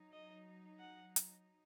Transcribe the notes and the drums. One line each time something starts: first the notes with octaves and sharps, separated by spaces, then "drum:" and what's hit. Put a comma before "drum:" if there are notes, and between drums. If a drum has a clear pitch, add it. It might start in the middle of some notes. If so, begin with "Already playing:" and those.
Already playing: F#3 D#4
D#5
F#5
drum: hi-hat